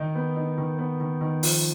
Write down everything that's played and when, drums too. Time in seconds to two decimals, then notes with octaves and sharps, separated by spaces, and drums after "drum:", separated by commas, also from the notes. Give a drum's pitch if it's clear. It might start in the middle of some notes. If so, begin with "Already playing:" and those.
Already playing: D#3 D#4
0.15 B3
0.36 D#4
0.58 D#3
0.78 B3
1.00 D#3
1.21 D#3
1.43 F3, drum: open hi-hat